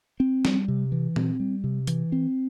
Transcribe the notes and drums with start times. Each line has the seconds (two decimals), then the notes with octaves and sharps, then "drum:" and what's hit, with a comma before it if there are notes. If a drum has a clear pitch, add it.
0.20 C4
0.45 G3, drum: snare
0.68 C3
0.92 E3
1.16 C4, drum: tom A#2
1.40 G3
1.64 C3
1.87 E3, drum: hi-hat
2.12 C4